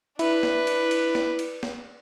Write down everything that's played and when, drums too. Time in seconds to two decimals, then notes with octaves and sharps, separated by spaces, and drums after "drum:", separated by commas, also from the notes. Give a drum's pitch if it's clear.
0.19 D4 E4 B4, drum: cymbal
0.43 drum: snare
0.67 drum: cymbal
0.91 drum: cymbal
1.15 drum: snare
1.39 drum: cymbal
1.63 drum: snare